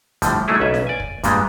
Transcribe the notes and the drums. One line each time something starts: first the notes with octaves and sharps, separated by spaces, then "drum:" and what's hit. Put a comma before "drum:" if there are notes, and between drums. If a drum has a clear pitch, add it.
A2 D3 F3 G3, drum: kick, hi-hat
F#3 A3 A#3 D#4 E4 G#4
B1 C#4 B4 E5
drum: snare
D5 G#5
drum: kick
G2 A#2 G3 G#3 B3, drum: kick, hi-hat